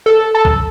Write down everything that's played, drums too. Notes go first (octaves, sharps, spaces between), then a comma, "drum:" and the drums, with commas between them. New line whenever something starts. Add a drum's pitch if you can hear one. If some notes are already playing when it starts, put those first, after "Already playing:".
A4
A4
drum: kick